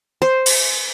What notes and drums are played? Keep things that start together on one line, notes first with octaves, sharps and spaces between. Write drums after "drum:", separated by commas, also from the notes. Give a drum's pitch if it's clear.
C5
drum: open hi-hat